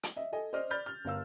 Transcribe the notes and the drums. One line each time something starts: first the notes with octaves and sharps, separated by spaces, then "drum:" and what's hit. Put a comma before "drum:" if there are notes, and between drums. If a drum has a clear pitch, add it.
drum: hi-hat
D#5 E5
A4 D#5 G#5
C5 D5 D#5 F6
D5 B5 F6 G6 A6
F6
G1 A#4 F5 E6